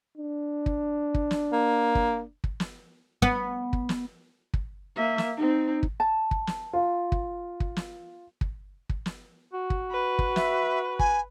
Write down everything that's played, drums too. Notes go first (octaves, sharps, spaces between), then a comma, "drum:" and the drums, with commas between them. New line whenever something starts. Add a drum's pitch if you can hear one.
D4
drum: kick
drum: kick
drum: snare
A#3
drum: kick
drum: kick
drum: snare
B3, drum: kick
drum: kick
drum: snare
drum: kick
A#3 E5
drum: snare
C4 D#4
drum: kick
A5
drum: kick
drum: snare
F4
drum: kick
drum: kick
drum: snare
drum: kick
drum: kick
drum: snare
F#4
drum: kick
B4
drum: kick
E5, drum: snare
G#5, drum: kick